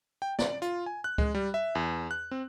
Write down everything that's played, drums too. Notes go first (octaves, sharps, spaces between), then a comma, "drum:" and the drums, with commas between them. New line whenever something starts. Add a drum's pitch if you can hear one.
G5
D5, drum: snare
F4, drum: hi-hat
G#5
F#6
G#3, drum: kick C#2
G3
E5
E2
F#6
C4